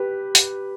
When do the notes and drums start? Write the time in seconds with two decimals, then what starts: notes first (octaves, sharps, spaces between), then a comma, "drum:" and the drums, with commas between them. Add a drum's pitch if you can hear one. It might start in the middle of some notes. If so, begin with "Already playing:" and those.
Already playing: G4 B4
0.35 drum: hi-hat